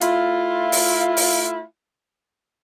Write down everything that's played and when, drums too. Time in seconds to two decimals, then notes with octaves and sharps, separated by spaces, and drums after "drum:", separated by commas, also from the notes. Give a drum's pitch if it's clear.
0.01 A3 E4 F4, drum: hi-hat
0.72 drum: open hi-hat
1.17 drum: open hi-hat